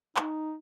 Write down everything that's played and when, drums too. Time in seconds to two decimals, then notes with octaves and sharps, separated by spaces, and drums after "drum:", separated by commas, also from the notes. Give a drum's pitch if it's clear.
0.17 D#4, drum: clap